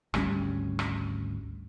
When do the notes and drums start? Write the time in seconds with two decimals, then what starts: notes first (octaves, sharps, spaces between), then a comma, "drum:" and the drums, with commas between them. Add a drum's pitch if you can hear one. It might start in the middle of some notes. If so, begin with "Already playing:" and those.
0.14 G#1 D2 G3 C#4, drum: rim click
0.79 drum: rim click